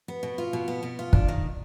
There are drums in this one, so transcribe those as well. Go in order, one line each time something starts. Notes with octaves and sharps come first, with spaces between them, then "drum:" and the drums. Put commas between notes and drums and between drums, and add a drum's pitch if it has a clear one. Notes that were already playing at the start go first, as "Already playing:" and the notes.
B3
B2
F4
B2
B3
B2
F4
D4, drum: kick
D#3